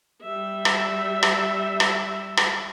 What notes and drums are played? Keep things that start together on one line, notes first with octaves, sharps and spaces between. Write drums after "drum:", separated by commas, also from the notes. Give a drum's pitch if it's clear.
G3 E5
drum: rim click
drum: rim click
drum: rim click
drum: rim click